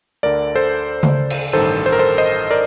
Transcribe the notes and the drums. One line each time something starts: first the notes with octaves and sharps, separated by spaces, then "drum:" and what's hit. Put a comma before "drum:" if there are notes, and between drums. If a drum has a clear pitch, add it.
D2 D3 A#4 D5
A4 C5
drum: tom C#3
drum: cymbal
A1 G2 D#3 A4 C5
C5
A#4
A4 C5
C5 D#5
A#4 D5